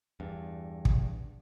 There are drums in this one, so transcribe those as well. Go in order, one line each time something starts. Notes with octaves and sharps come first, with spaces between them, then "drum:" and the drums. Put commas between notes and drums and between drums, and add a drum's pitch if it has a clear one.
E2 G2
drum: kick